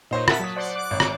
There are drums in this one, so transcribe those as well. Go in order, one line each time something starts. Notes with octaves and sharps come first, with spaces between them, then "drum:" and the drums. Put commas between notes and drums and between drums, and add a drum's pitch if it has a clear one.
A#2 D#4 C5 C#5
A#4 E5 F#5 A5 A6 B6, drum: rim click
F#3 A5 D#6
C5 D5 F#5
D6 F#6
G#1 C#5
drum: rim click